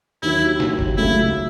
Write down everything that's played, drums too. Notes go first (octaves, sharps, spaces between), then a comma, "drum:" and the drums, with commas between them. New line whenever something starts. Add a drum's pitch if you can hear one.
D#2 D#3 F#3 E4
D#2 D#3 F#3, drum: snare
drum: kick
C#2 C#3 F#3 A3 E4